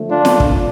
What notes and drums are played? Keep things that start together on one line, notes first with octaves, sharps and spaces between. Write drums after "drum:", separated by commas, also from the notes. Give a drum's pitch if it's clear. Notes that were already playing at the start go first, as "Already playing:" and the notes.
Already playing: D3 F3 A3
D4 F4
drum: snare
drum: kick